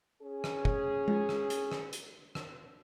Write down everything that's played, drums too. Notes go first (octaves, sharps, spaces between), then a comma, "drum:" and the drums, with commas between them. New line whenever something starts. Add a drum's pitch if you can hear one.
C#4 G#4
drum: rim click
drum: kick
drum: tom G#3
drum: rim click
drum: hi-hat
drum: rim click
drum: hi-hat
drum: rim click